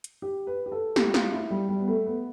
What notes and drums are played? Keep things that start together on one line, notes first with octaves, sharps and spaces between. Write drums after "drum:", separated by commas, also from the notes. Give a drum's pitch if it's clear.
drum: hi-hat
G4
B4
G4
A4
G4, drum: snare
F4, drum: snare
E4
G3
G3
B3
A3
B3